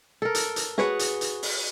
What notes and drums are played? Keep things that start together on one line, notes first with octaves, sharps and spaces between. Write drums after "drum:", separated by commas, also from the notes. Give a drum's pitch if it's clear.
A4 A#4
drum: hi-hat
drum: hi-hat
F#4 G#4 B4 C#5, drum: snare
drum: hi-hat
drum: hi-hat
drum: open hi-hat